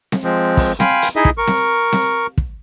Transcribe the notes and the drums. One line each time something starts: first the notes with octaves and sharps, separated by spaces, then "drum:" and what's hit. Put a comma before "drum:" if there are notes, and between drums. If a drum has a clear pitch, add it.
drum: snare C4
F3 G#3 C4
drum: kick, open hi-hat
F5 G5 G#5 B5 C6, drum: snare C4
drum: hi-hat
D#4 E4 G#4 D#5 E5
drum: kick
A#4 C#6
drum: snare C4
drum: snare C4
drum: kick